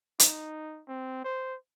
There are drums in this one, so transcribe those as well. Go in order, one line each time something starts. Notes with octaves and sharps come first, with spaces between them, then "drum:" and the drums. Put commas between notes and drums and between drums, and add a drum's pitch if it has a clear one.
D#4, drum: hi-hat
C4
C5